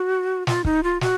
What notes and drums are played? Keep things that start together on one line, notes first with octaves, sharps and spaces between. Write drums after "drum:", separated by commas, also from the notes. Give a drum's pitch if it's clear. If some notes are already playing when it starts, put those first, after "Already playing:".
Already playing: F#4
F4, drum: snare
D#4, drum: kick
F4
F#4, drum: snare